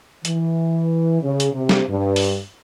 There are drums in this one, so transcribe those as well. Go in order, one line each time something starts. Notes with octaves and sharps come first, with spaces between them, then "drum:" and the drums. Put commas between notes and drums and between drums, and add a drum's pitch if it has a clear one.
E3, drum: hi-hat
C#3
drum: hi-hat
C3
drum: snare
G2
drum: open hi-hat